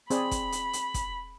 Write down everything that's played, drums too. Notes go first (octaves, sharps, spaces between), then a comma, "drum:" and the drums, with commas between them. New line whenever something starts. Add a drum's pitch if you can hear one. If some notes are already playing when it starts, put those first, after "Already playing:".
C4 G#4 D5 B5, drum: hi-hat
drum: kick, hi-hat
drum: hi-hat
drum: hi-hat
drum: kick, hi-hat